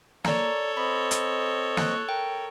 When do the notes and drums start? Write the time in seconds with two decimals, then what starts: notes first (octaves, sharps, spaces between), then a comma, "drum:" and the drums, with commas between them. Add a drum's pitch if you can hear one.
0.24 A4 A#4 C#5 D5 A#5, drum: snare
0.77 C4 D#5 B5
1.11 drum: hi-hat
1.77 C#6 F#6, drum: snare
2.09 A#4 G5